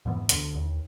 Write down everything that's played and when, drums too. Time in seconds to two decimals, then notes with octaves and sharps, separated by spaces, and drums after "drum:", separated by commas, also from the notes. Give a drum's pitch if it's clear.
0.05 F2 G#2 E3 B3
0.29 D2 D3, drum: hi-hat
0.54 D#2